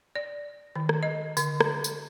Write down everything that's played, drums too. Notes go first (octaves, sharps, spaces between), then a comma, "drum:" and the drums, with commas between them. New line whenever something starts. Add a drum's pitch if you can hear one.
D5
D#3
drum: rim click
D#5
D3, drum: tambourine
drum: rim click
drum: tambourine